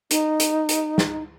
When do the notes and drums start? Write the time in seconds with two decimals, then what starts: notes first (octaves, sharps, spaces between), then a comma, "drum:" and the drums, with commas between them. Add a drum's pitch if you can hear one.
0.11 D#4, drum: hi-hat
0.40 drum: hi-hat
0.69 drum: hi-hat
0.98 drum: snare